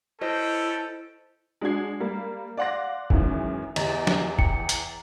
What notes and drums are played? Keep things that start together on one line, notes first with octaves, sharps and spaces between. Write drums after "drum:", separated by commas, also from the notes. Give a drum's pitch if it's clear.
C#4 E4 A4 B4 C5 D#5 G5
G#3 D4 F#4 G#6 C7
G3 A#3
D5 F5 F#5 C6 A#6
F#2 D#3 E3 G#3, drum: kick
E2 G4 D#5 A#5 A6, drum: cymbal
drum: snare
G5 C#7, drum: kick
drum: hi-hat